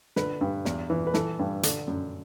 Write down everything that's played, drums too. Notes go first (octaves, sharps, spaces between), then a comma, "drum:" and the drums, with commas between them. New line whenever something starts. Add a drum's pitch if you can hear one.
D3 B4, drum: snare
G2
E2, drum: snare
E3
B4
E3 A4, drum: snare
G2
D3, drum: hi-hat
F#2